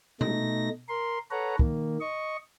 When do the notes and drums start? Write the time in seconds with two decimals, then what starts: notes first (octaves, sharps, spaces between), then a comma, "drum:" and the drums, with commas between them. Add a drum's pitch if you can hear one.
0.21 B2 A3 D#4 A#6, drum: tom B2
0.89 A#4 C6
1.31 A4 B4 C#5 F#5 A#5
1.59 D#3 A#3, drum: kick
2.00 D#5 C#6